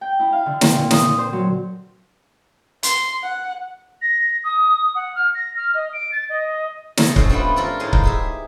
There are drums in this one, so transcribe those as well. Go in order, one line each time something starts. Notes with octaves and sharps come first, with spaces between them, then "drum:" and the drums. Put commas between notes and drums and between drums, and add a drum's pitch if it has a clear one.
G5
E4
F5
D3
C4, drum: snare
A#2
D#6, drum: snare
D3
C5
F#3
C6, drum: hi-hat
F#5
A#6
D#6
F#5
F6
A#6
F6
D#5
D7
A6
D#5
A4 C#5 D#5, drum: snare
A3 C4 C#4 A4 C5, drum: kick C#1
G2 F3 G3 B3 F4
F3 F4 A4 A#4
A2 G#3 D#4 G#5 C6
drum: kick C#1
G4 G#4 E5